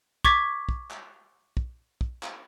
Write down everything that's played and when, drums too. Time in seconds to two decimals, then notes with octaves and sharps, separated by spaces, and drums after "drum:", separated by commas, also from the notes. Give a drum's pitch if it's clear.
0.25 C#6 D6 G#6 A6 B6, drum: kick
0.69 drum: kick
0.91 drum: clap
1.57 drum: kick
2.01 drum: kick
2.23 drum: clap